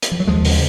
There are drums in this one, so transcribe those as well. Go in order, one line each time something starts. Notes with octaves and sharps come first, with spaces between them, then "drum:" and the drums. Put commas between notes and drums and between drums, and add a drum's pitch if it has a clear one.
drum: hi-hat
F3
F#3
D#2 F3 G#3
C#3, drum: open hi-hat